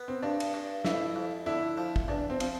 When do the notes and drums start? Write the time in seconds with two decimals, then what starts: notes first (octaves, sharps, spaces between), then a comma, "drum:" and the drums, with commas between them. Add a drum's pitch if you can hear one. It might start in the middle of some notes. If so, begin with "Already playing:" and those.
Already playing: B3
0.08 C4
0.23 G2 D4
0.40 drum: cymbal
0.54 G2
0.85 F2 E4, drum: snare
1.16 F2
1.46 D3 E4
1.78 F3
1.96 drum: kick
2.08 E2 D4
2.30 C4
2.40 F3, drum: cymbal